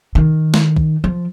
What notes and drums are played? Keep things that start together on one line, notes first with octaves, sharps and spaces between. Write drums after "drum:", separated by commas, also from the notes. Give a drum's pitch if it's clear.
D#3
drum: snare
drum: kick
F3